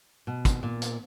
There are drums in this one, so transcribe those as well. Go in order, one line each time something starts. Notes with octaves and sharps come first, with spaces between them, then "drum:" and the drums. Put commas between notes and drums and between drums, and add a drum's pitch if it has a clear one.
B2
drum: kick, hi-hat
A#2
drum: hi-hat